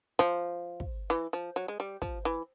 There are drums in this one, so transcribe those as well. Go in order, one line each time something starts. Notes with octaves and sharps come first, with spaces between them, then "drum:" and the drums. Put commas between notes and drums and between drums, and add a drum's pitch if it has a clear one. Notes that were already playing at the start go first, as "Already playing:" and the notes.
F3, drum: rim click
drum: kick
E3
F3
F#3
G#3
G3
F3, drum: kick
E3